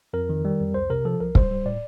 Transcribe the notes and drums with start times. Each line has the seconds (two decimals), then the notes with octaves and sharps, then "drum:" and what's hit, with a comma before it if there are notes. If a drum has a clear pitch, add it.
0.13 F2 A#4
0.29 D#3
0.45 G3
0.60 F2
0.74 C2 C5
0.90 C3 A#4
1.05 F3 A4
1.21 C2 A#4
1.35 G3 C5, drum: kick
1.51 G3
1.65 A2 D5